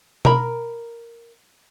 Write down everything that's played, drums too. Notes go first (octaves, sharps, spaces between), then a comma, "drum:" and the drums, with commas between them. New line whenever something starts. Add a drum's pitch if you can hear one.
A#4 A#5 B5, drum: tom B2